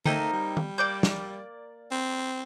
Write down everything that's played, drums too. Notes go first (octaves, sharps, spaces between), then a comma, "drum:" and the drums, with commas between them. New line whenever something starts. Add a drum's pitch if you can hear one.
A3 A#3 C4 D#4, drum: tom D3
G3
drum: tom D#3
A#3 D5 G6
drum: snare
C4